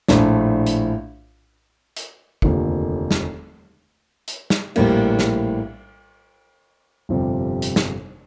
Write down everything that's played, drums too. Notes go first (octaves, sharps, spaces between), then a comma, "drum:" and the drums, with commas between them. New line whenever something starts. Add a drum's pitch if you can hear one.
A#1 A2 A3 D4, drum: snare
drum: hi-hat
drum: hi-hat
F1 D#2 D3 F3 A#3, drum: kick
drum: snare
drum: hi-hat
drum: snare
A#1 A2 G3 A#3, drum: cymbal
drum: snare
G1 F2 C3 G3
drum: hi-hat
drum: snare